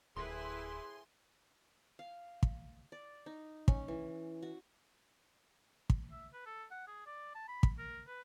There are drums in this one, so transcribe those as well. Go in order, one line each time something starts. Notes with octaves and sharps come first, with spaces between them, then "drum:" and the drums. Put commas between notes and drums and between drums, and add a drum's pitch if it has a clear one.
D1 A2 E4 G#4 B4 G#5 C6
F5
drum: kick
D5
D#4
C#4, drum: kick
E3
F#4
drum: kick
E5
B4
A4
F#5
G#4
D5
A5
B5
drum: kick
A#4
B4